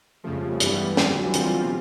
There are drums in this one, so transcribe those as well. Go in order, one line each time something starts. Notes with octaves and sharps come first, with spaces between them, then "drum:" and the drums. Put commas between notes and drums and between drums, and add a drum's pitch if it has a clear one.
F2 C#3 F3 A3
G#3
G3
A3
G2 E3 G3 G#3 B3, drum: hi-hat
F2 D3 G3 G#3, drum: snare
F#3
E3
D3 G3 C4 F4, drum: hi-hat
B2